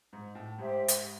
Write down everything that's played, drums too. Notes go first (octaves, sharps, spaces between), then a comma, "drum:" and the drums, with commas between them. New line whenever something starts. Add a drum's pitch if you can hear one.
G#2
A2
G#2 G4 C5 E5 G5
drum: hi-hat